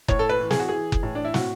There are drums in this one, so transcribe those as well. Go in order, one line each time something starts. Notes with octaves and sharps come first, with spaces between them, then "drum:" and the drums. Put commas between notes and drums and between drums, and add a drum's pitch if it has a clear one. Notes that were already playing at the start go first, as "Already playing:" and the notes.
A2 C#5, drum: kick F#1
A4
B4
E3
G#4, drum: snare
F#4
E3 G#4
drum: kick F#1
A2
D4
E4
A2 F#4, drum: snare